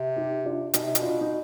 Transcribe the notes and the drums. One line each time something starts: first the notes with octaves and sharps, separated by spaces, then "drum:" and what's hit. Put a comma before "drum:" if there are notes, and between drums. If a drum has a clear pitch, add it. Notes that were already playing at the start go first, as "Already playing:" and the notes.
Already playing: C3
D#4 G4
D4 F4
B2 D#4, drum: hi-hat
C3
B2, drum: hi-hat
D4 F4
D#4